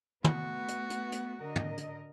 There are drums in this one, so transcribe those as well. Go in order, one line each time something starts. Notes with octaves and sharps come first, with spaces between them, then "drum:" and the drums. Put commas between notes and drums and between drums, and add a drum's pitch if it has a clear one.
A3 B3 F#4, drum: tom
drum: hi-hat
drum: hi-hat
drum: hi-hat
D3 A#4 D#5
drum: tom
drum: hi-hat